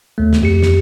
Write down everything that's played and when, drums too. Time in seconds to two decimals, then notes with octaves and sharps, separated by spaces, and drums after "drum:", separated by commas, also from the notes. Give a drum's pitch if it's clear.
0.18 D#2 A3
0.33 drum: snare
0.42 F2 G4 C#7
0.62 drum: snare